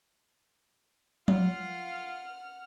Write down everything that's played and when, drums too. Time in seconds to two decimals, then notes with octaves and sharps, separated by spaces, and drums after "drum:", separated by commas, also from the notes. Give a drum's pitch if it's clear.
1.28 F4 F5 F#5 F6, drum: tom F3